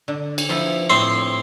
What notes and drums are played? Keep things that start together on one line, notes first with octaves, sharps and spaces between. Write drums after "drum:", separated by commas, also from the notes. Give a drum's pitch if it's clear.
D3
drum: cymbal
F3 B3 E4
A2 C4 C5